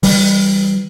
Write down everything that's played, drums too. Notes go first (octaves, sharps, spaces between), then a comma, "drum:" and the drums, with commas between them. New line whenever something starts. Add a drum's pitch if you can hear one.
E3 G3, drum: open hi-hat